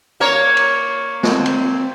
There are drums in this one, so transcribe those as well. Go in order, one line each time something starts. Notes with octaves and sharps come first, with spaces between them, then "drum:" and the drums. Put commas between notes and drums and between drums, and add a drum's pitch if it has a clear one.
A#3 A#4 C#5
drum: cymbal
C4, drum: snare
drum: cymbal